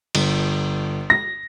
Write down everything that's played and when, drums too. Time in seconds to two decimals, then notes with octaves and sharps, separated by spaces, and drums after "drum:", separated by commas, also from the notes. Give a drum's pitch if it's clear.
0.15 G1, drum: cymbal
1.10 A#6